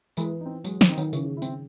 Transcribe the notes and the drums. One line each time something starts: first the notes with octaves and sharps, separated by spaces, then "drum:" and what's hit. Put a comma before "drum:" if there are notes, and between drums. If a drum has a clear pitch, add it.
E3 G#3, drum: tambourine
C4 D#4
F#3 G#3, drum: tambourine
D#3, drum: snare
C4 D#4
D#3, drum: tambourine
C#3 E3, drum: tambourine
E4
C4, drum: tambourine